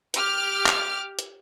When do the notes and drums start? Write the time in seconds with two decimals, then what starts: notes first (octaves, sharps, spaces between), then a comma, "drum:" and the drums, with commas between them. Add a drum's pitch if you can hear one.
0.14 G4 D6 F6, drum: hi-hat
0.66 drum: clap
1.19 drum: hi-hat